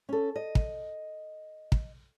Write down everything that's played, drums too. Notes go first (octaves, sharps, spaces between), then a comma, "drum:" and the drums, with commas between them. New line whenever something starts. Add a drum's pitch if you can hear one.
C#4 A4
D#5
drum: kick
drum: kick